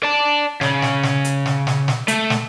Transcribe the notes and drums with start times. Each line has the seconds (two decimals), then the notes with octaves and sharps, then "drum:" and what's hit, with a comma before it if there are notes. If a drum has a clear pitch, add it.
0.03 D5 A5
0.61 C#3, drum: snare
0.82 drum: snare
1.03 drum: snare
1.24 drum: hi-hat
1.46 drum: snare
1.67 drum: snare
1.88 drum: snare
2.08 A3, drum: hi-hat
2.30 drum: snare